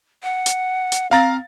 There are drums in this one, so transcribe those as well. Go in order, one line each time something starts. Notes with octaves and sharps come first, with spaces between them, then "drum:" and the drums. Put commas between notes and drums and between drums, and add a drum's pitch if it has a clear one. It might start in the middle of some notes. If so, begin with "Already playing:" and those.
F#5
drum: hi-hat
drum: hi-hat
C4 F5 A#5 A6